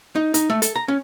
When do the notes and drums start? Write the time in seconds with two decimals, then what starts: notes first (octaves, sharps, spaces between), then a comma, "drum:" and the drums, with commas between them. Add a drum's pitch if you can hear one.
0.16 D#4
0.34 D#4, drum: hi-hat
0.50 A3
0.62 A4, drum: hi-hat
0.76 A#5
0.88 C#4